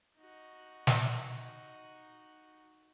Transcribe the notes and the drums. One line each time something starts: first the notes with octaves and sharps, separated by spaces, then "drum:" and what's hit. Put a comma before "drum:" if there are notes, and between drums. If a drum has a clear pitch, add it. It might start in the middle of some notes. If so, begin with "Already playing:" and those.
D#4 F#4
drum: snare